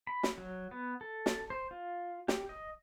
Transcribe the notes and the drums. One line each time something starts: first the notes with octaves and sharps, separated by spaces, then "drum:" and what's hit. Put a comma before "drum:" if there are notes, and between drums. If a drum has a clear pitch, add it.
B5
drum: snare
F#3
B3
A4
drum: snare
C5
F4
G4, drum: snare
D#5